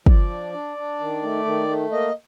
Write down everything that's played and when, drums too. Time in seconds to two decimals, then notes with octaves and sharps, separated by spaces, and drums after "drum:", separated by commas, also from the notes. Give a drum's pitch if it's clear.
0.06 F3 D5, drum: kick
0.30 D4
0.53 D4
0.77 D4
1.00 D#3
1.23 A3
1.45 D#3
1.68 A3
1.91 A#3 D#5